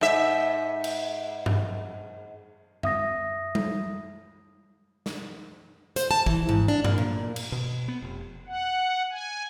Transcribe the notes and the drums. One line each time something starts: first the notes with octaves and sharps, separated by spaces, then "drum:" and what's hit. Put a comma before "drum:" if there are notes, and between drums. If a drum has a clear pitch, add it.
G#2 E5
drum: cymbal
drum: tom G2
E5 D#6 A#6, drum: tom
drum: tom G3
drum: snare
C5, drum: hi-hat
A5
E3, drum: kick
G#2
D4
A#3, drum: tom G2
A#2
drum: cymbal
B2
B3
F1
F#5
G#5